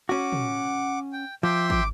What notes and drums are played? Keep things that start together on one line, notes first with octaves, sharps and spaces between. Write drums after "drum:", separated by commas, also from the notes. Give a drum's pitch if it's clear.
C#4 F#4 F#5 D6
drum: tom
G5
F3 E5 G5 C6 D6
D6, drum: kick G#1